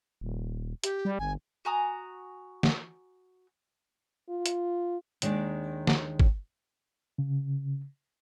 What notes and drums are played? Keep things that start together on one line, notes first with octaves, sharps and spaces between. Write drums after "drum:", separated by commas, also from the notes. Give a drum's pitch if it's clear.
D#1
G4, drum: hi-hat
G3
G1 G#5
F#4 G#5 A#5 D#6
drum: snare
F4
drum: hi-hat
D#2 D#3 G#3 D4 D5, drum: hi-hat
drum: snare
drum: kick
C#3